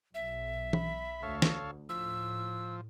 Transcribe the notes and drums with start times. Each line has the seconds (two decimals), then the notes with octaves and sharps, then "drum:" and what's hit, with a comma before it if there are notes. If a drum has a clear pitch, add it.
0.14 B1 E5
0.73 B5, drum: tom E3
1.23 D2 A4 C#5 F5
1.42 drum: snare
1.89 A2 F3 E6